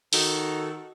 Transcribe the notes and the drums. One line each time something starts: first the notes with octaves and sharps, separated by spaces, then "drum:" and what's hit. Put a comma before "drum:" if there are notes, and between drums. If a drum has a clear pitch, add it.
D#3 D#4 F#4 A4, drum: open hi-hat